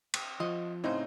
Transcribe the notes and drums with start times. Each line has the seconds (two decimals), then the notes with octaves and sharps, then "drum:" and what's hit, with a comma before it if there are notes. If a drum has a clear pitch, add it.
0.14 C4, drum: cymbal
0.40 F3 F#4 D#5
0.84 A2 C#3 A#3 C4 C#4 D#4 C5 D#5